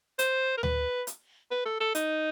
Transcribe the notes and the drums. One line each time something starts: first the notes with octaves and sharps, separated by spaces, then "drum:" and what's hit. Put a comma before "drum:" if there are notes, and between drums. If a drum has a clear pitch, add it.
C5, drum: hi-hat
A#4
B4, drum: tom D2
drum: hi-hat
B4
A4
A4
D#4, drum: hi-hat